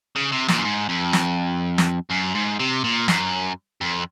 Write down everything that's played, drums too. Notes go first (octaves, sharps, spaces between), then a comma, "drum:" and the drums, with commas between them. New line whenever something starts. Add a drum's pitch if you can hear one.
C#3
C3
A#2, drum: snare
F#2
G#2
F2
drum: snare
drum: snare
F#2
G#2
C3
A#2
F#2, drum: snare
F2